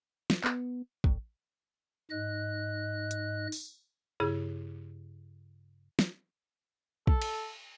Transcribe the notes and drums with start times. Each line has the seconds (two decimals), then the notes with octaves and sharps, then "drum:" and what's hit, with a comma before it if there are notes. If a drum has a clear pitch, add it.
0.30 drum: snare
0.44 B3, drum: clap
1.04 G1, drum: kick
2.11 G#2 D#5 F#6
3.11 drum: hi-hat
3.52 drum: open hi-hat
4.20 G2 C#3 E4 G#4
5.99 drum: snare
7.07 A4, drum: kick
7.22 drum: cymbal